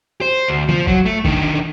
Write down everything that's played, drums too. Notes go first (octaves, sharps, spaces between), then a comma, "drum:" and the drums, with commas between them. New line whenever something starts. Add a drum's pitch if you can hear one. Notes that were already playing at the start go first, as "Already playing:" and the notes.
C5
D2
F3, drum: tom
F#3, drum: kick G1
A3
D3 D#3, drum: kick G1